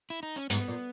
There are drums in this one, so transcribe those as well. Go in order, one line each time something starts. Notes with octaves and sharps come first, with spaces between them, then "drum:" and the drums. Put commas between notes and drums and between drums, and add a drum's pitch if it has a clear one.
E4
D#4
C#4
G#2 B3, drum: hi-hat
A#2